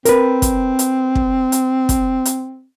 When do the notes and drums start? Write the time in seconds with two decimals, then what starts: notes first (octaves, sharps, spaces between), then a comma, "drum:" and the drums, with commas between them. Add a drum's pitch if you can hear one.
0.05 C4 A#4 B4, drum: hi-hat
0.42 drum: kick, hi-hat
0.79 drum: hi-hat
1.15 drum: kick
1.52 drum: hi-hat
1.89 drum: kick, hi-hat
2.25 drum: hi-hat